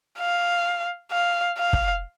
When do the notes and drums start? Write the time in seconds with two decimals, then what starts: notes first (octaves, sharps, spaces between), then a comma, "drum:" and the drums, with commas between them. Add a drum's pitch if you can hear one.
0.19 F5
1.12 F5
1.58 F5
1.73 drum: kick